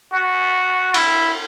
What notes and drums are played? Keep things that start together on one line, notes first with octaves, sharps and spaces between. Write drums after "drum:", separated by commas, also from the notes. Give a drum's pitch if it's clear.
F#4
E4, drum: cymbal